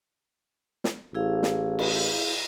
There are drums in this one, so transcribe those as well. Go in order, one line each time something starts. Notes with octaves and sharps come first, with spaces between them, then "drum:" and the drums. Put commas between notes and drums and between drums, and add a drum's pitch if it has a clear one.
drum: snare
A1 E4 G#4 F5
drum: snare
drum: cymbal